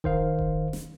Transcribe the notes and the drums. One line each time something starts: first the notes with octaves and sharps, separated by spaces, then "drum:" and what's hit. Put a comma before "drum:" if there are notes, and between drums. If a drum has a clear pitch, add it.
D#3 C5 F5, drum: kick D#1
drum: kick D#1
drum: snare